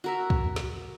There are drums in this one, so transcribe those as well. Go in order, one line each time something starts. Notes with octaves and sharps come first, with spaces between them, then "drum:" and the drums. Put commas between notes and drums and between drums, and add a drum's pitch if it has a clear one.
F#4 A#4 E5
drum: kick
drum: snare